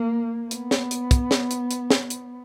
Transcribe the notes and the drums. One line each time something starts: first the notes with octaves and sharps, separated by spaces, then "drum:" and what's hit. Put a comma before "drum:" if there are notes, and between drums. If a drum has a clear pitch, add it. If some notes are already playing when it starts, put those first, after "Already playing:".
Already playing: A#3
B3, drum: hi-hat
drum: snare
drum: hi-hat
drum: kick, hi-hat
drum: snare
drum: hi-hat
drum: hi-hat
drum: snare
drum: hi-hat